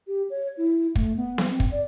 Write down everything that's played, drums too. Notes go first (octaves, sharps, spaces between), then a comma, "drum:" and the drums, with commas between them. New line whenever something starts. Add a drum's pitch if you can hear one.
G4
C#5
E4
A3, drum: kick
B3
drum: snare B3
C4
drum: kick
D5